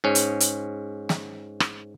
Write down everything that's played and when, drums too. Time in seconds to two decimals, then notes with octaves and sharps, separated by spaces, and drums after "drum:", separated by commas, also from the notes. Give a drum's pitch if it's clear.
0.04 G#2 C#4
0.15 drum: hi-hat
0.40 drum: hi-hat
1.09 drum: snare
1.60 drum: rim click